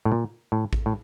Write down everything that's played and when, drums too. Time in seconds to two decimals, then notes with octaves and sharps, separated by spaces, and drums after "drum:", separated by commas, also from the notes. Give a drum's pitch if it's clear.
0.05 A2
0.12 A#2
0.52 A2
0.73 drum: kick A1
0.86 A2